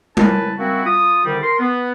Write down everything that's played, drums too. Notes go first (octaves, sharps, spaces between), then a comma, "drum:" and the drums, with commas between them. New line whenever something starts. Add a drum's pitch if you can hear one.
C#4 E4 A#4 B4 A5, drum: tom G3
A#3 C4 C#4 E4 F#4
F4 D#6
C2 D3 D#3 G3
A#4 C6
B3